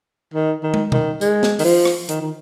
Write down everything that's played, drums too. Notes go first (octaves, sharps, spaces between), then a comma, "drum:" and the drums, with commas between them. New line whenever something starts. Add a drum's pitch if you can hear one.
D#3
D#3
drum: tom
D#3, drum: tom B2
G#3, drum: tambourine
drum: snare
D#3, drum: open hi-hat
F3
drum: rim click
D#3, drum: hi-hat
D#3